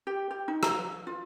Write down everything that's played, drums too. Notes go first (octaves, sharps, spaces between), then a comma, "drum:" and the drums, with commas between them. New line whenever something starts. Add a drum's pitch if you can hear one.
G4
G4
D#4
A#5, drum: rim click
F4